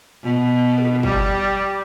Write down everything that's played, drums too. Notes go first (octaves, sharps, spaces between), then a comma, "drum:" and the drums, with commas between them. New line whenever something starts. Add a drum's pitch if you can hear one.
B2
drum: tom
G3, drum: kick